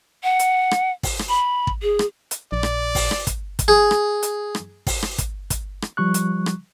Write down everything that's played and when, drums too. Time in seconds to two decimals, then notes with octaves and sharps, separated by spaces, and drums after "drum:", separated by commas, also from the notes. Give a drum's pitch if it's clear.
0.23 F#5
0.39 drum: hi-hat
0.71 drum: rim click
1.03 drum: kick, open hi-hat
1.19 drum: rim click
1.29 B5
1.67 drum: kick
1.82 G#4
1.99 drum: rim click
2.31 drum: hi-hat
2.52 A#1 D5
2.63 drum: rim click
2.95 drum: kick, open hi-hat
3.11 drum: rim click
3.27 drum: kick, hi-hat
3.59 drum: kick, hi-hat
3.68 G#4
3.91 drum: rim click
4.23 drum: hi-hat
4.55 drum: rim click
4.87 drum: kick, open hi-hat
5.02 drum: rim click
5.18 drum: kick, hi-hat
5.50 drum: kick, hi-hat
5.82 drum: rim click
5.97 F3 G3 C#6 F#6
6.14 drum: hi-hat
6.46 drum: rim click